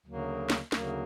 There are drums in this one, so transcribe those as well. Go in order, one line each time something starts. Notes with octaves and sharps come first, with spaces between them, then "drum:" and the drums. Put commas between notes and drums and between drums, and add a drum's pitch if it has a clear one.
D2 C#3 F#3 A#3
drum: snare
D2 C#3 F#3 A#3, drum: snare